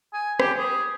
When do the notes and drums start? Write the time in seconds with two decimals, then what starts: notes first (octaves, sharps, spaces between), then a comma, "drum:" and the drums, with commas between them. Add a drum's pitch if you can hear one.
0.13 G#5
0.40 G4, drum: rim click
0.58 G#4